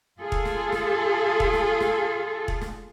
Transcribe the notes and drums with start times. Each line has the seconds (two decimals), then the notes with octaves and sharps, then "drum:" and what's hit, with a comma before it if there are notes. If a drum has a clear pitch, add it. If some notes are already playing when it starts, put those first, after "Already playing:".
0.18 F4 G#4 A4
0.32 drum: kick
0.45 drum: snare
0.72 drum: snare
1.40 drum: kick
1.53 drum: snare
1.80 drum: snare
2.48 drum: kick
2.62 drum: snare